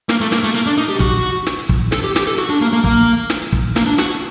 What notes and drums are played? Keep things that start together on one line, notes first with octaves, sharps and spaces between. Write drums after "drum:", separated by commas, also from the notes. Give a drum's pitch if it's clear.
A#3, drum: snare
A3
A#3, drum: snare
A3
A#3
D4
D#4
G4
F#4, drum: kick
drum: snare
drum: kick
A4, drum: snare
G4
G4, drum: snare
A4
F#4
D4
A#3
A#3
A#3, drum: kick
drum: snare
drum: kick
A#3, drum: snare
D4
F#4, drum: snare